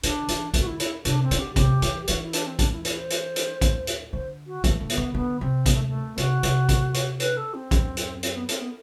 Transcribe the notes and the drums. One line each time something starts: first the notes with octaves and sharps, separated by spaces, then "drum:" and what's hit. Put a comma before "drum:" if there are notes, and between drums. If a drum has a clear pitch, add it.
D3 D4, drum: hi-hat
E3, drum: hi-hat
D3, drum: kick, hi-hat
F#4
E4
E4, drum: hi-hat
C3 D4, drum: hi-hat
C4
D3, drum: hi-hat
G4
C3 G4, drum: kick, hi-hat
E3, drum: hi-hat
E3 F#4, drum: hi-hat
E4
D4, drum: hi-hat
C4
D4, drum: kick, hi-hat
E4
E4, drum: hi-hat
C5
drum: hi-hat
drum: hi-hat
drum: kick, hi-hat
drum: hi-hat
D3 C5
F#4
E3 A3, drum: kick, hi-hat
D3 A3
B3, drum: hi-hat
D3
D3 B3
C3 C4
B3, drum: kick, hi-hat
A3
A3
C3 F#4, drum: hi-hat
C3, drum: hi-hat
drum: kick, hi-hat
drum: hi-hat
B4, drum: hi-hat
A4
C4
F#2, drum: kick, hi-hat
drum: hi-hat
C4, drum: hi-hat
B3
C4, drum: hi-hat
B3